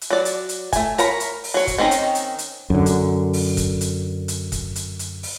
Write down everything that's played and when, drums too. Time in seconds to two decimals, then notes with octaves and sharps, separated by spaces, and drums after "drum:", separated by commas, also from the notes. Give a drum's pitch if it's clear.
0.01 drum: hi-hat
0.10 F#3 D5
0.25 drum: hi-hat
0.49 drum: hi-hat
0.73 A3 G#5, drum: kick, hi-hat
0.98 A#4 C#5 A#5 B5, drum: hi-hat
1.20 drum: hi-hat
1.44 drum: open hi-hat
1.54 F#3 C#5
1.67 drum: kick, hi-hat
1.78 D#3 C4 C#4 D#4
1.91 drum: hi-hat
2.15 drum: hi-hat
2.38 drum: hi-hat
2.70 F#2 D3
2.86 drum: hi-hat
3.33 drum: open hi-hat
3.57 drum: kick, hi-hat
3.81 drum: hi-hat
4.28 drum: hi-hat
4.52 drum: kick, hi-hat
4.76 drum: hi-hat
4.99 drum: hi-hat
5.23 drum: open hi-hat